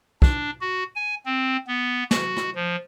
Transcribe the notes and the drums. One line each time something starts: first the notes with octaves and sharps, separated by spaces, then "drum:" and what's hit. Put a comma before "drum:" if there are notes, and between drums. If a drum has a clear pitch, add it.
D4, drum: kick
F#4
G#5
C4
B3
F#4, drum: snare
drum: rim click
F3